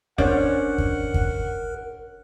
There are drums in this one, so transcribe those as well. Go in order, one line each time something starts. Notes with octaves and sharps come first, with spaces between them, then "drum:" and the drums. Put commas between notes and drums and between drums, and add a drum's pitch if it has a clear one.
C#4 D4 A#4 C5 D5 F#5, drum: kick
drum: kick
drum: kick